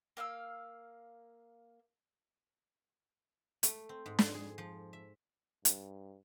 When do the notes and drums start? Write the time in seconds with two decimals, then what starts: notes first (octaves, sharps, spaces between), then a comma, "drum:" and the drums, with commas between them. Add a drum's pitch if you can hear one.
0.17 A#3 F5 G5 E6
3.63 A3, drum: hi-hat
3.89 C4
4.06 G#2
4.19 F2, drum: snare
4.34 G#4
4.58 F3
4.93 E5
5.65 G2, drum: hi-hat